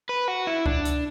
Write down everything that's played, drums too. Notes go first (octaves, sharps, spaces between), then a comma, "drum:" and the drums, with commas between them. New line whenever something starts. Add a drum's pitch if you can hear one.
B4
F#4
E4
D4, drum: kick C#2
drum: hi-hat